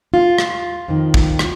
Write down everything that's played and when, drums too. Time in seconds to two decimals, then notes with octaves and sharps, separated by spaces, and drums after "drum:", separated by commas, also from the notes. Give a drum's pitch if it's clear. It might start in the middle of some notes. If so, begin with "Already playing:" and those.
0.14 F4
0.38 drum: rim click
0.88 F2 D#3
1.14 drum: kick
1.39 drum: rim click